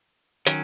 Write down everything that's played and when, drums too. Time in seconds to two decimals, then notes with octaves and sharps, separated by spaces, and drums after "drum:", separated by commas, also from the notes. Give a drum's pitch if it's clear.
0.47 D#3 F#3 C#4, drum: hi-hat